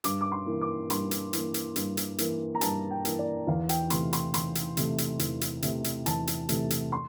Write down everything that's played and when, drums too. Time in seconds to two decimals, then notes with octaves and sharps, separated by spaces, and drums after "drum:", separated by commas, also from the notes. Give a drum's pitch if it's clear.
0.04 G2 D6, drum: hi-hat
0.21 D6
0.32 C6
0.46 E3 A#3
0.61 D6
0.90 G2 C6, drum: hi-hat
1.11 drum: hi-hat
1.33 E3 A#3, drum: hi-hat
1.54 drum: hi-hat
1.76 G2, drum: hi-hat
1.97 drum: hi-hat
2.18 E3 A#3, drum: hi-hat
2.55 A#5
2.61 G2 A5, drum: hi-hat
2.91 G5
3.05 E3 A#3, drum: hi-hat
3.19 D5
3.47 E2 F5
3.69 G5, drum: hi-hat
3.90 C3 E3 A3 C6, drum: hi-hat
4.13 C6, drum: hi-hat
4.34 E2 C6, drum: hi-hat
4.55 drum: hi-hat
4.77 C3 E3 A3, drum: hi-hat
4.98 drum: hi-hat
5.19 E2, drum: hi-hat
5.41 drum: hi-hat
5.62 C3 E3 A3, drum: hi-hat
5.84 drum: hi-hat
6.06 E2 A5, drum: hi-hat
6.27 drum: hi-hat
6.49 C3 E3 A3, drum: hi-hat
6.70 drum: hi-hat
6.92 C6